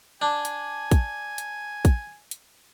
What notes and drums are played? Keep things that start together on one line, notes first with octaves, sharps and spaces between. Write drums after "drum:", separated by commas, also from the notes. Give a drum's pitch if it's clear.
D4 G#5
drum: hi-hat
drum: kick, hi-hat
drum: hi-hat
drum: kick, hi-hat
drum: hi-hat